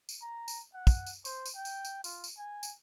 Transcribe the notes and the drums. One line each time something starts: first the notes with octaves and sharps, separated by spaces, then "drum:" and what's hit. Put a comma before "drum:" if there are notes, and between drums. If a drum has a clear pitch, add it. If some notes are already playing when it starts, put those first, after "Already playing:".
drum: tambourine
A#5
drum: tambourine
F#5
drum: kick, tambourine
drum: tambourine
C5, drum: tambourine
drum: tambourine
G5
drum: tambourine
drum: tambourine
F4, drum: tambourine
drum: tambourine
G#5
drum: tambourine